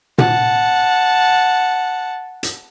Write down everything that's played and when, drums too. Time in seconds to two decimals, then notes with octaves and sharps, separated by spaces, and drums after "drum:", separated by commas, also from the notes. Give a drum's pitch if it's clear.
0.18 F#5 A5, drum: tom
2.43 drum: hi-hat